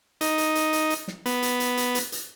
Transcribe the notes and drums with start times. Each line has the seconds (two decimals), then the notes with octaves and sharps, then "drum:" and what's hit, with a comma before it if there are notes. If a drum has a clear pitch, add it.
0.21 D#4, drum: hi-hat
0.38 drum: hi-hat
0.55 drum: hi-hat
0.73 drum: hi-hat
0.90 drum: hi-hat
1.08 drum: snare
1.26 B3, drum: hi-hat
1.42 drum: hi-hat
1.60 drum: hi-hat
1.77 drum: hi-hat
1.95 drum: hi-hat
2.12 drum: hi-hat